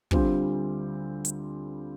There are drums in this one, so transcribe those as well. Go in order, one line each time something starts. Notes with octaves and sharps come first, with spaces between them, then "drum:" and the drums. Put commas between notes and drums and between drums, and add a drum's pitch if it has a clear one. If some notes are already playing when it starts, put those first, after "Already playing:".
D2 D3 G3 C4 F4, drum: kick
drum: hi-hat